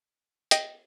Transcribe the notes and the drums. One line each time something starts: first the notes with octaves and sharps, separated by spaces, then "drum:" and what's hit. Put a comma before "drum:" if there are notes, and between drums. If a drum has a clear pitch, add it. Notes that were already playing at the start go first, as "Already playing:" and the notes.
D#5 G5, drum: hi-hat